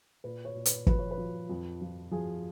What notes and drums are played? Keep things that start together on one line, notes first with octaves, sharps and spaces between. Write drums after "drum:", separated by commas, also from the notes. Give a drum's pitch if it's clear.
A#2 B4
C#5
A#2
B4, drum: hi-hat
F3 B4, drum: kick
C#5
B4
F3
F2
F3
F3 G#4